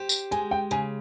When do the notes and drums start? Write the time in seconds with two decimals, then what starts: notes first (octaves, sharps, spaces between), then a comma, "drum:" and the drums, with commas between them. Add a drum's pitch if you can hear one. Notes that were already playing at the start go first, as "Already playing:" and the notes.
Already playing: G4 C5
0.09 drum: tambourine
0.31 G#3 G#5
0.51 G5
0.71 C#3 G#5